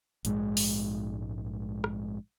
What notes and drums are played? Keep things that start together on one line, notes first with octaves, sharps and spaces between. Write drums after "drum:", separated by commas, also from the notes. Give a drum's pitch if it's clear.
A#1 G#2 B2 G#3, drum: hi-hat
drum: open hi-hat
drum: rim click